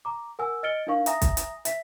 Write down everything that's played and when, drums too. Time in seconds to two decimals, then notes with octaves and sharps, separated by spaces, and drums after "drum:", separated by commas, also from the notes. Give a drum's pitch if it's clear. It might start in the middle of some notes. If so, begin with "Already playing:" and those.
0.05 A#5 D6
0.39 A#4 F#5 G#5 E6
0.63 D#5 F6 A6 C#7 D7 G7
0.87 D4 D#4 A#4 F5 C#6
1.06 E5 G#5 A#5 D#6 A#6, drum: hi-hat
1.22 drum: kick B1, hi-hat
1.37 drum: hi-hat
1.65 E5 B6, drum: hi-hat